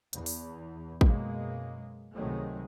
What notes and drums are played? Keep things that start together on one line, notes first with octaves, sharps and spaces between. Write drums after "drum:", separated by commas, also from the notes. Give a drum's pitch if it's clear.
E2 E3, drum: hi-hat
drum: open hi-hat
F#2 B2 G#3 A#3, drum: kick
C#2 C3 D#3 F#3 G#3 A3